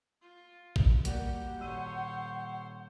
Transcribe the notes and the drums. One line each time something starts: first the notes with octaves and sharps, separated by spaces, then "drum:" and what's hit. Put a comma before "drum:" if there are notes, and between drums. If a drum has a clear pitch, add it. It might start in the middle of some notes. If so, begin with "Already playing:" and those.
F4
drum: kick
G3 A#3 F#4 G4 F#5, drum: hi-hat
D#1 C5 C#5 E6 D#7